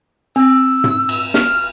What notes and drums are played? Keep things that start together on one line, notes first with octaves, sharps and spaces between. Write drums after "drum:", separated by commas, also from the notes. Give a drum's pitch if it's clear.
C4 E6
drum: tom
drum: cymbal
F6, drum: snare